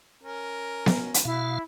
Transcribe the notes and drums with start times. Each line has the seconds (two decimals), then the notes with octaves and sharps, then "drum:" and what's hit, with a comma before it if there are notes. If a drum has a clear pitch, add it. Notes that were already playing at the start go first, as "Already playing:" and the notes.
0.23 C#4 A#4
0.86 drum: snare B3
1.14 drum: hi-hat
1.25 B2 E4 F5